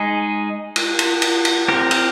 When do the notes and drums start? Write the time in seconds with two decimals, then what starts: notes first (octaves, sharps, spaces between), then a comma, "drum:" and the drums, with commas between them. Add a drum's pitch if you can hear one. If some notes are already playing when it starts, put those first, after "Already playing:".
Already playing: G#3 D#4 G#4
0.76 drum: cymbal
0.99 drum: cymbal
1.22 drum: cymbal
1.45 drum: cymbal
1.68 C4 G4 A#4
1.91 drum: cymbal